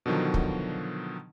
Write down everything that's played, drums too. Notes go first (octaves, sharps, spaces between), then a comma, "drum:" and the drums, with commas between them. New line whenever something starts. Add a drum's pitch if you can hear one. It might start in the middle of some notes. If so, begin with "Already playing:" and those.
B2 D3 D#3 F3 F#3
drum: kick